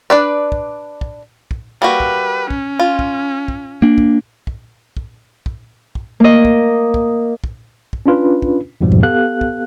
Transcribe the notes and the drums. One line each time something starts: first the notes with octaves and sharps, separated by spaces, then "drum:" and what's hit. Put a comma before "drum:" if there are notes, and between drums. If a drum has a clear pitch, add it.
D4 B4 D5
drum: kick
drum: kick
drum: kick
G3 A#3 F#4 B4
drum: kick
C#4, drum: kick
F4
drum: kick
drum: kick
A#3 D4
drum: kick
drum: kick
drum: kick
drum: kick
drum: kick
A#3 D#5
drum: kick
drum: kick
drum: kick
drum: kick
C#4 D4 F4 B4
drum: kick
F2 G#2 B2 F3 G3
drum: kick
B3 G4 A4 F5 F#6
drum: kick